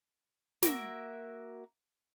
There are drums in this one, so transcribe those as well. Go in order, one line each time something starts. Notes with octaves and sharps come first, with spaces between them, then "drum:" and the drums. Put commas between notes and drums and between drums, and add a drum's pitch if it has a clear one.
A#3 F#4 A#4 E5, drum: snare